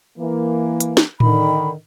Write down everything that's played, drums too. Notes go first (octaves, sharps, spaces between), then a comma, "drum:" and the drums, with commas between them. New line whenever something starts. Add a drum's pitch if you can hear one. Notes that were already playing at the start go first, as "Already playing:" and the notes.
E3 A#3
drum: hi-hat
drum: snare
D3 D#3 B5, drum: tom A2